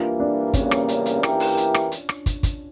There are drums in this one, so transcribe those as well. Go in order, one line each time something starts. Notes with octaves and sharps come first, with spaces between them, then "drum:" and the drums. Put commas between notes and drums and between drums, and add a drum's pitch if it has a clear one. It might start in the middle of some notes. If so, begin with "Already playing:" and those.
Already playing: E3 G3 A#3 D4 F4
D4
E2 C#3 G3 A#3 C#4, drum: kick, hi-hat
drum: rim click
drum: hi-hat
drum: hi-hat
E3 A#3 E4 G4 A#4, drum: rim click
drum: open hi-hat
drum: hi-hat
drum: rim click
drum: hi-hat
drum: rim click
drum: kick, hi-hat
drum: kick, hi-hat